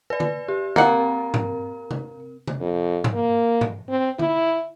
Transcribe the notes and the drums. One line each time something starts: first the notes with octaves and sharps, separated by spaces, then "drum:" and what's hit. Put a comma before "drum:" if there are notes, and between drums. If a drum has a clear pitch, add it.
B4 D5
drum: tom D3
G4
A#3 C4 A#4 F#5, drum: tom D3
drum: tom G#2
drum: tom C3
drum: tom C3
F2
drum: tom G#2
A#3
drum: tom G#2
C4
E4, drum: tom D3